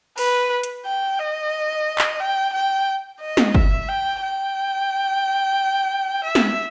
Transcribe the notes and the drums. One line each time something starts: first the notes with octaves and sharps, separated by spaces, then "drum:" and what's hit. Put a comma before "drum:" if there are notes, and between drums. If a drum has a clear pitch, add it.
B4, drum: open hi-hat
drum: hi-hat
G5
D#5
drum: clap
G5
G5
D#5
drum: snare
E5, drum: kick
G5
G5
E5
drum: snare